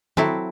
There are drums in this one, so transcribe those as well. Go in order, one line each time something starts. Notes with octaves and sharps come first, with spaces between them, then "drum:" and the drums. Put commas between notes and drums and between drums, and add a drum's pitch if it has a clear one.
F#3 C4 E4 A4, drum: tom D#3